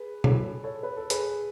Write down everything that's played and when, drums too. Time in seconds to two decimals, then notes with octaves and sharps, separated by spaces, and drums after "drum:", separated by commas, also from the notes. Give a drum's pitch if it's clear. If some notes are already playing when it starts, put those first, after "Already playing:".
Already playing: G#4 B4
0.24 A4 C#5, drum: tom B2
0.63 A4 C#5
0.83 B4
0.97 A4
1.10 G#4 B4, drum: hi-hat